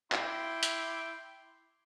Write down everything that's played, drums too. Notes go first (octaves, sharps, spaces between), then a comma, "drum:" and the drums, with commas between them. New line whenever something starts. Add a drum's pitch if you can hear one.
E4 G5 C6 D6, drum: clap
drum: hi-hat